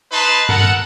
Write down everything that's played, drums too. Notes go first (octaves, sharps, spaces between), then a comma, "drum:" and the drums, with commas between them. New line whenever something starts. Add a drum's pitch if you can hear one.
D#4 B4 A5 C6
A4 A#4 F#5, drum: tom G2